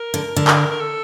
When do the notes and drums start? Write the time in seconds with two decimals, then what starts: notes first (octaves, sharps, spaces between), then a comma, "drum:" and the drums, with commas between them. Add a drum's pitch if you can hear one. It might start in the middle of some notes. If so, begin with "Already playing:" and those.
Already playing: A#4
0.14 D3
0.36 D3
0.47 drum: clap
0.71 A#4
0.81 A4